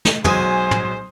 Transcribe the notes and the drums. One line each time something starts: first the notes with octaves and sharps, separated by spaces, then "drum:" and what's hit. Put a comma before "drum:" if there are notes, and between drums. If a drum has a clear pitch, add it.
drum: snare
B1 F#3 G#3 C5 G#5 D#6, drum: tom
drum: tom